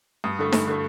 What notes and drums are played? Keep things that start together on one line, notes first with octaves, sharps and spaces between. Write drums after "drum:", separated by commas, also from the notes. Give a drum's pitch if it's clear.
G2 D#6
D3 A3
G2, drum: snare D#4
D3 A3